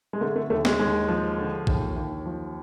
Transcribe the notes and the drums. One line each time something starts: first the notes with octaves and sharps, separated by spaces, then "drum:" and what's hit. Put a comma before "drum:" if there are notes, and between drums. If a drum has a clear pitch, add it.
G#3
D3 A3
A3
D#2 A3
G#3, drum: snare
D#2 G#3
F3
D3
D#2, drum: kick
D#2
F3